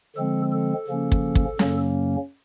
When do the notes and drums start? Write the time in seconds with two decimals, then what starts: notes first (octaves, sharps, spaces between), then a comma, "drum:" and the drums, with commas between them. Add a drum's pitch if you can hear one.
0.16 D3 F3 G#3 C4 A4
0.52 A4
0.87 C#3 F3 A#3 C#4
1.12 drum: kick
1.35 drum: kick
1.59 F#2 C#3 F#3 A#3 C#4, drum: snare